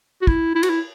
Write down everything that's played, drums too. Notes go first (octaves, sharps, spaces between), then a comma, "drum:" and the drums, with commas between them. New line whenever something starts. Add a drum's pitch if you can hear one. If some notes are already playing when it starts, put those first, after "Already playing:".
F#4
E4, drum: kick
E4
F#4, drum: cymbal
E4